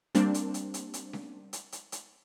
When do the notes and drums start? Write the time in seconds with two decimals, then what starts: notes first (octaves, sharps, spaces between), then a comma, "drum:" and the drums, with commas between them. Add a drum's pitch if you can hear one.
0.15 G3 A#3 C4 D4, drum: hi-hat
0.34 drum: hi-hat
0.54 drum: hi-hat
0.74 drum: hi-hat
0.94 drum: hi-hat
1.13 drum: snare C#4
1.53 drum: hi-hat
1.72 drum: hi-hat
1.92 drum: hi-hat